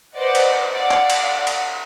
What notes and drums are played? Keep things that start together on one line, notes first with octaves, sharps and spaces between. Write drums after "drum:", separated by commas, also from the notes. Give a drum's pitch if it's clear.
B4 C5 D5 D#5 F#5
drum: cymbal
D5 F5 F#5
drum: clap
drum: cymbal
drum: cymbal